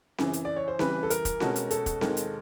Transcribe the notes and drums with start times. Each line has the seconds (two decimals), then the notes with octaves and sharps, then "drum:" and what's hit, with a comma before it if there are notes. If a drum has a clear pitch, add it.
0.18 F#2 C#3 E3, drum: snare C4
0.33 drum: hi-hat
0.45 D5
0.56 C#5
0.68 C5
0.79 C#3 E3 G3 B4, drum: snare C4
1.03 A4
1.10 A#4, drum: hi-hat
1.25 drum: kick, hi-hat
1.40 B2 G#3 C#4 F#4 A4, drum: snare C4
1.56 drum: hi-hat
1.71 A4, drum: hi-hat
1.86 drum: kick, hi-hat
2.01 D#2 D#3 G#3, drum: snare C4
2.17 drum: hi-hat